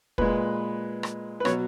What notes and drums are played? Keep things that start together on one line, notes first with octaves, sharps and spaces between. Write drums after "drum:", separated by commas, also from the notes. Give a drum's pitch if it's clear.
A#2 G#3 B4, drum: kick
drum: rim click
B4
B2 F#3 C#5, drum: rim click